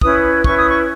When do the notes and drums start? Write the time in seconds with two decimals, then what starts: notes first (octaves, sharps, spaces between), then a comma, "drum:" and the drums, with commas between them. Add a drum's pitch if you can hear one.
0.01 C#4 E4 B4 D#6, drum: kick
0.44 C#4 E4 B4 C#6, drum: kick
0.57 D#6
0.69 C#6